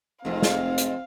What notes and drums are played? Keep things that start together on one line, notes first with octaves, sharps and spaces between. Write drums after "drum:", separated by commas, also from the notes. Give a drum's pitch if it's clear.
F1 F2 G#2 C4 F5
drum: snare
drum: hi-hat